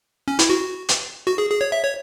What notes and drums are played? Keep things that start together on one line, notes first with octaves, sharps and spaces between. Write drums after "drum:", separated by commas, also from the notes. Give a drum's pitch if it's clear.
C#4
E4, drum: hi-hat
F#4
drum: hi-hat
F#4
G#4
G#4
C#5
E5
C#5